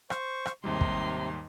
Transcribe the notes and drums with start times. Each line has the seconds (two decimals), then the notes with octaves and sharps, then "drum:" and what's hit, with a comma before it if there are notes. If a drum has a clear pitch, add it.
0.10 C5 C#6, drum: rim click
0.45 drum: rim click
0.64 D#2 G#2 C3 G3 D#4 C6
0.81 drum: kick